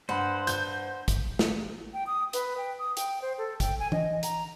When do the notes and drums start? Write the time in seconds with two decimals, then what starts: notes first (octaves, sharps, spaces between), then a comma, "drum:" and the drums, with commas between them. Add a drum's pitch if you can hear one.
0.09 G2 C5 F#5 B5
0.47 G6, drum: hi-hat
1.08 drum: kick, hi-hat
1.39 drum: snare
1.93 G5
2.07 D#6
2.33 B4, drum: hi-hat
2.58 G5
2.79 D#6
2.97 G5, drum: hi-hat
3.22 C5
3.38 A4
3.60 G5, drum: kick, hi-hat
3.79 G#5
3.92 D#5, drum: tom
4.23 A#5, drum: hi-hat